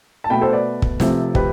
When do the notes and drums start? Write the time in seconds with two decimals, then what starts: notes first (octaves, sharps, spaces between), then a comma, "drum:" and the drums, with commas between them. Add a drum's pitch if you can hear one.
0.24 A5
0.30 B2 A3 G5 B5
0.41 A4 C5
0.53 B4 D5
0.82 drum: kick
1.00 C3 F3 A3, drum: snare
1.35 G4 B4, drum: kick